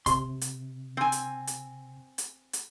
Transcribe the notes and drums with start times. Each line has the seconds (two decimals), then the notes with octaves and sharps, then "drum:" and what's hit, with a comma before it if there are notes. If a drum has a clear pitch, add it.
0.06 C3 C6, drum: kick, hi-hat
0.41 drum: hi-hat
0.97 C4 G#5
1.12 drum: hi-hat
1.47 drum: hi-hat
2.18 drum: hi-hat
2.53 drum: hi-hat